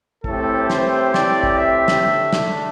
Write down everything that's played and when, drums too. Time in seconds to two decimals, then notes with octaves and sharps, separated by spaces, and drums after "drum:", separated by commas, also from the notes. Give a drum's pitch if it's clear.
0.24 A2 E3 A3 C4 G4 A4, drum: kick
0.70 C5, drum: snare
1.14 D5, drum: snare
1.43 drum: kick
1.58 E5
1.88 drum: snare
2.03 D3 A3 D4
2.33 drum: snare